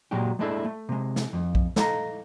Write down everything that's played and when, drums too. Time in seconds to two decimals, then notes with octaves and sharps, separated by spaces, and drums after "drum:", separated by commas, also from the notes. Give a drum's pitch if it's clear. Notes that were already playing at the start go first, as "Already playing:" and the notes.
0.11 A#2 F#3 G#3 F#4 G4
0.39 G#3 A3 D4 E4 G#4 A4
0.65 A3
0.89 C3 G#3
1.16 drum: snare
1.33 F2
1.55 drum: kick B1
1.76 A4 D#5 F5 A5 A#5, drum: snare